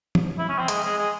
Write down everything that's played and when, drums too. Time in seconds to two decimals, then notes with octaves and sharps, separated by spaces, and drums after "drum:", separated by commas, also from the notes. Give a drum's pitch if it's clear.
0.15 drum: tom
0.39 E4
0.49 C#4
0.59 C4
0.68 G#3, drum: hi-hat
0.83 G#3
0.98 G#3